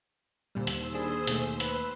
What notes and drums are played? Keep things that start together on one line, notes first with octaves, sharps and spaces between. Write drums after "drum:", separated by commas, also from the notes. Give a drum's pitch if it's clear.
D#2 A#2 D3 G3 C5 E6
drum: hi-hat
D4 G#4 B5
B2 A3, drum: hi-hat
B4, drum: hi-hat